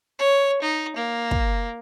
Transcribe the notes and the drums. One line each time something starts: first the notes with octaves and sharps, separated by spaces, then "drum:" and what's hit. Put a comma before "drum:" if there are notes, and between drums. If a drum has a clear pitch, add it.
C#5
D#4
A#3
drum: kick